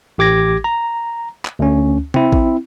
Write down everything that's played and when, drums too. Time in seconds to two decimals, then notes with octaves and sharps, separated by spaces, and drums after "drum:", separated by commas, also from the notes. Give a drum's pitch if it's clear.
0.18 A1 G4 D6 G#6 A#6
0.64 A#5
1.45 drum: clap
1.59 D2 C#4
2.14 C4 E4, drum: tom C3
2.32 drum: kick